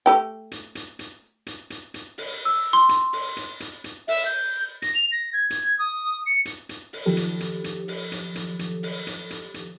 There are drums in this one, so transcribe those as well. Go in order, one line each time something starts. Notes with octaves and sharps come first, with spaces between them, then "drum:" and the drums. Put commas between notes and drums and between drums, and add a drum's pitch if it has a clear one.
A3 G4 G5
drum: hi-hat
drum: hi-hat
drum: hi-hat
drum: hi-hat
drum: hi-hat
drum: hi-hat
drum: open hi-hat
E6
C6
drum: hi-hat
drum: open hi-hat
drum: hi-hat
drum: hi-hat
drum: hi-hat
E5, drum: open hi-hat
G6
A#6, drum: hi-hat
F7
A#6
G#6
drum: hi-hat
D#6
C#7
drum: hi-hat
drum: hi-hat
drum: open hi-hat
D#3 F3 F#3 G4 A4
drum: hi-hat
drum: hi-hat
drum: hi-hat
drum: open hi-hat
drum: hi-hat
drum: hi-hat
drum: hi-hat
drum: open hi-hat
drum: hi-hat
drum: hi-hat
drum: hi-hat